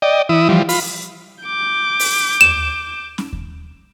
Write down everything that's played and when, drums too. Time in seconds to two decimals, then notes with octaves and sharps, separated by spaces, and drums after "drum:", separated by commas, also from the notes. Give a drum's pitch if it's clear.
0.02 D5 D#5 G5
0.29 E3 E4 D#6
0.49 E3 F3 G3
0.69 F4 B5, drum: open hi-hat
1.44 D6 G6
2.00 drum: open hi-hat
2.41 E7, drum: tom D#2
3.18 drum: snare C#4
3.33 drum: kick D#2